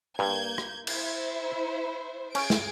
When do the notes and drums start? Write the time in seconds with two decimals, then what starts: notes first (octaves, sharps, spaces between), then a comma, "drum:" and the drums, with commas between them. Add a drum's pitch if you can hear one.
0.19 G2 A#3 G6 G#6
0.58 drum: rim click
0.87 E4 C5, drum: cymbal
2.35 C#4 G#4 D7, drum: cymbal
2.50 drum: snare